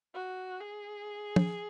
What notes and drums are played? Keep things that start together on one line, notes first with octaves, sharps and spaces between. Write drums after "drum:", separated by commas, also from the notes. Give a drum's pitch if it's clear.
F#4
G#4
drum: tom